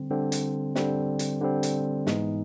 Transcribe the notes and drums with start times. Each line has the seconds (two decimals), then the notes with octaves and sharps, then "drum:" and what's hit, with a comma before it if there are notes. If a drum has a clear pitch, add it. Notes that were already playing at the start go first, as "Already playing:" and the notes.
Already playing: D3 G3 C4
0.10 D3 G3 C4
0.32 drum: hi-hat
0.75 D3 G3 C4, drum: snare
1.19 drum: hi-hat
1.41 D3 G3 C4
1.63 drum: hi-hat
2.07 G#2 E3 G#3 B3 D#4, drum: snare